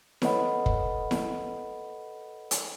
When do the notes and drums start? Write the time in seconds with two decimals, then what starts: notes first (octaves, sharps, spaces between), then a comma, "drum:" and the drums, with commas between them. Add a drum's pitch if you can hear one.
0.22 A4 B4 C#5 D#5 F#5 B5, drum: snare E4
0.66 drum: kick
1.11 drum: snare E4
2.51 drum: hi-hat